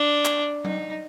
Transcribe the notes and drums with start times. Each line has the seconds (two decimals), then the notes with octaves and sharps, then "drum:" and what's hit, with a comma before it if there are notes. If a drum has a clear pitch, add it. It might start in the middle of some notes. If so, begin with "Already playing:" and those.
Already playing: D4
0.25 drum: clap
0.64 D#4, drum: tom F#3